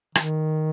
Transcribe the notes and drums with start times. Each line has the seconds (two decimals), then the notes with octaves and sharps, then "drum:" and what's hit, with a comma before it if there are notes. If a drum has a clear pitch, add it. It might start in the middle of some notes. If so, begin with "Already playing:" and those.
0.15 D#3, drum: rim click